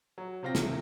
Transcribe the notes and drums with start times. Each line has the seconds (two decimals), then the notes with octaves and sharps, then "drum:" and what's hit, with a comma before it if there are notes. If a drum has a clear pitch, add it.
0.18 F#3
0.43 C3 C4 F4 G5 A#6
0.55 C3 D#3 E3 A3, drum: snare